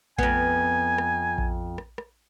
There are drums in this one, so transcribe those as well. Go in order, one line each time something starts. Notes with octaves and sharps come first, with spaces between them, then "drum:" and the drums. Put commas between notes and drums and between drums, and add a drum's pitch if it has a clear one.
F2 B3 G#5, drum: kick A#1
drum: rim click
drum: kick A#1
drum: rim click
drum: rim click